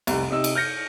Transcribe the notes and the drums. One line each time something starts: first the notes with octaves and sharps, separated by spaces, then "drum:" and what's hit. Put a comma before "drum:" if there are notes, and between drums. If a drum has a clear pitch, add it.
F1 C2, drum: cymbal
C3 D#4 E6
drum: cymbal
F6 G6 A#6 C#7